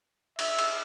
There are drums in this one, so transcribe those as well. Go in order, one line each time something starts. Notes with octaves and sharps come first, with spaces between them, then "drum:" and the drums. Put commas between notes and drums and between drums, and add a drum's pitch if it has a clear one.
E5, drum: cymbal
drum: cymbal